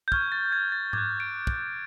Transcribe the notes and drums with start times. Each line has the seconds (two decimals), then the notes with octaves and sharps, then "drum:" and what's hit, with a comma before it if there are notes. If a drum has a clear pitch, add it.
0.08 G6
0.12 C#6 F6 G#6, drum: kick
0.32 A6
0.52 G#6
0.72 A6
0.93 D6 F#6 G#6, drum: tom G#2
1.20 D7
1.47 drum: kick